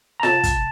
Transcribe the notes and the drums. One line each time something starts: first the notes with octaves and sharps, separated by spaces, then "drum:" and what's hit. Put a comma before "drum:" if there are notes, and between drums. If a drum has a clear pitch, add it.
A#5
C3 A5, drum: snare F4
drum: kick, hi-hat